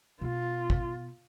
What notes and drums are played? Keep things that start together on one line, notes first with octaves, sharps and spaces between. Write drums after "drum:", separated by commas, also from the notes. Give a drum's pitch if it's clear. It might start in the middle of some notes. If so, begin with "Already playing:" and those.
B2 B3 F4
drum: kick